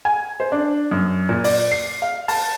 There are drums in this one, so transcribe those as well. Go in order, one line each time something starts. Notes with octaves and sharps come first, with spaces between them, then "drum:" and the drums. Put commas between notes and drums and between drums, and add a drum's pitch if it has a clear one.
G#5
C5
D4
F#2
A#2
D5, drum: open hi-hat
C7
F5
A5, drum: open hi-hat